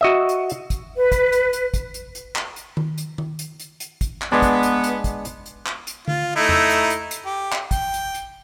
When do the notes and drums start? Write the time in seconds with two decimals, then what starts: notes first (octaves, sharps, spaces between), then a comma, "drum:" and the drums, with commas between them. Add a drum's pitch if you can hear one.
0.01 F#4 D#5 E5
0.29 drum: hi-hat
0.50 drum: hi-hat
0.70 drum: kick, hi-hat
0.95 B4
1.12 drum: kick, hi-hat
1.32 drum: hi-hat
1.53 drum: hi-hat
1.74 drum: kick, hi-hat
1.94 drum: hi-hat
2.15 drum: hi-hat
2.36 drum: clap
2.56 drum: hi-hat
2.77 drum: tom D#3
2.98 drum: hi-hat
3.18 drum: tom D#3
3.39 drum: hi-hat
3.60 drum: hi-hat
3.80 drum: hi-hat
4.01 drum: kick, hi-hat
4.22 drum: clap
4.32 G#3 B3 D4
4.42 drum: kick, hi-hat
4.63 drum: hi-hat
4.84 drum: hi-hat
5.04 drum: kick, hi-hat
5.25 drum: hi-hat
5.46 drum: hi-hat
5.66 drum: clap
5.87 drum: hi-hat
6.08 F4, drum: tom D3
6.36 A3 D#4 E4
6.49 drum: tom E2
6.70 drum: hi-hat
6.90 drum: hi-hat
7.11 drum: hi-hat
7.26 G4
7.52 drum: clap
7.71 G5, drum: kick, hi-hat
7.94 drum: hi-hat
8.14 drum: hi-hat